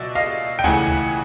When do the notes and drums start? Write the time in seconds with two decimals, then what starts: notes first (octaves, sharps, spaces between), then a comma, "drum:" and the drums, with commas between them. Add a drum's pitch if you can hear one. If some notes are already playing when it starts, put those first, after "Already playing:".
Already playing: C#2 B2 F#3 D5 E5
0.15 D#5 F5
0.59 G5
0.64 C#2 C#3 E3 A3 F#5 G#5, drum: kick C#2
0.88 drum: kick C#2